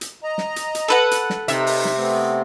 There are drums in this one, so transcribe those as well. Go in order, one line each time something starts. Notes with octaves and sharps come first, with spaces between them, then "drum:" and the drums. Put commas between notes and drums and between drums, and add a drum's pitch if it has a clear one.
drum: hi-hat
D#5 A#5
drum: snare
drum: hi-hat
drum: hi-hat
A4 B4 F#5
drum: hi-hat
drum: snare
C3 D#4 E5, drum: hi-hat
drum: open hi-hat
drum: snare
A3 B3 C4